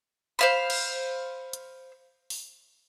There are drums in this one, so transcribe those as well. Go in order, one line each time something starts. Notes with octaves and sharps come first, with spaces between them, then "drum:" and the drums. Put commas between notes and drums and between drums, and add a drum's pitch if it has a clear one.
C5 F5 B5
drum: cymbal
drum: hi-hat
drum: open hi-hat